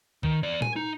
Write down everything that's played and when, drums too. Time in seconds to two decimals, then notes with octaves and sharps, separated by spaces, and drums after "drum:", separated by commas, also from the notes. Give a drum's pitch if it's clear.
0.23 D#3, drum: kick
0.43 E2 D5
0.62 G#5, drum: tom
0.76 D#4